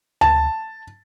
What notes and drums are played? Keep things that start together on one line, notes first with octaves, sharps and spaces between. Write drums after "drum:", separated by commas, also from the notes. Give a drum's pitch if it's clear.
A5, drum: tom D2